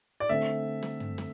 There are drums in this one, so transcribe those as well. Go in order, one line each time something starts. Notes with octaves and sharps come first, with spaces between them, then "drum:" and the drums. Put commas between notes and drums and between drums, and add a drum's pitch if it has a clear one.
D5
D3 A3 C4 E5
drum: snare
drum: tom
drum: snare